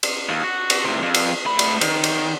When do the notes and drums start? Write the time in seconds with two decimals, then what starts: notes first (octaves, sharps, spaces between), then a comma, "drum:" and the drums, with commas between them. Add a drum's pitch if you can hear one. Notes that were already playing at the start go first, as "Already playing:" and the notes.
0.03 drum: cymbal
0.29 D#2
0.43 F#4
0.70 drum: cymbal
0.84 A2 C3
1.03 F2
1.14 drum: cymbal
1.46 A3 B5
1.59 drum: cymbal
1.81 D#3, drum: cymbal
2.04 drum: cymbal